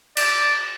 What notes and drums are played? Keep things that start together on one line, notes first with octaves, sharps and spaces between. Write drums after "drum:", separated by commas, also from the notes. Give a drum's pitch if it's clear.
D5, drum: cymbal